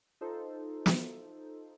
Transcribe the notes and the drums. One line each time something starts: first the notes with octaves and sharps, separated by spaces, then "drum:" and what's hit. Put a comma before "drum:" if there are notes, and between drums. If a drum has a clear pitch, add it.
D#4 F4 A4 C5
drum: snare